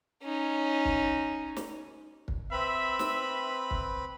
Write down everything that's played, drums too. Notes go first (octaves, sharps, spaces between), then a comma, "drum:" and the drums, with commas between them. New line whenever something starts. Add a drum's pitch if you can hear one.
C#4 D#4
drum: kick
drum: snare
drum: kick
C4 B4 E5 B5
drum: snare
drum: kick